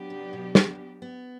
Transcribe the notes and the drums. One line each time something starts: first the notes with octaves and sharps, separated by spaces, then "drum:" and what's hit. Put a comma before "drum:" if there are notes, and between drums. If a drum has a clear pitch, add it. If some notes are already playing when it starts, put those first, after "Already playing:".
Already playing: F#3 B3 D4 G4
C3
B2
D3, drum: snare
B3